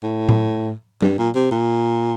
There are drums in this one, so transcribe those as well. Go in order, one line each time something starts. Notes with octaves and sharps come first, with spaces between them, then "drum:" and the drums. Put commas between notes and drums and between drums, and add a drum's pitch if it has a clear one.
A2
drum: tom A2
G2, drum: tom F#3
A#2
C3
A#2